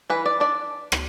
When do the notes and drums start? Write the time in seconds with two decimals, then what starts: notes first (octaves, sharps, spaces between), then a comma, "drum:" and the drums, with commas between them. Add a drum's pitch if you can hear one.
0.10 E3 B4
0.26 D5
0.40 D4 D5
0.92 drum: rim click